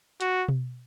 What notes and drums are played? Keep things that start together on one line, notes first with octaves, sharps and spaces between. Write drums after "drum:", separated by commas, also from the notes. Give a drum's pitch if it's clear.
F#4, drum: hi-hat
drum: tom B2